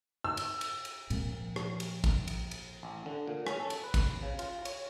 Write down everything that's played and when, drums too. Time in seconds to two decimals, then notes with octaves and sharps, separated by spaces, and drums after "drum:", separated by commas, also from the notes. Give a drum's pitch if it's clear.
0.24 E6
0.37 drum: cymbal
0.61 drum: cymbal
0.85 drum: cymbal
1.10 A#2 F3, drum: cymbal
1.56 drum: rim click
1.80 drum: cymbal
2.04 drum: kick G#1, cymbal
2.28 drum: cymbal
2.51 drum: cymbal
2.83 A1
3.06 D3
3.28 A#2
3.47 C#4, drum: rim click
3.60 A4
3.70 drum: cymbal
3.84 B4
3.94 drum: kick G#1, cymbal
4.23 C#3
4.39 F4, drum: cymbal
4.65 C#5, drum: cymbal